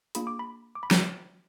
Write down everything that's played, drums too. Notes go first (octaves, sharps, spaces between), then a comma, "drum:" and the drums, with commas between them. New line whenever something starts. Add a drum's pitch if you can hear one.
A#3 D4 F4 G#4 B5, drum: hi-hat
D6
B5
D6
B5
A#5, drum: snare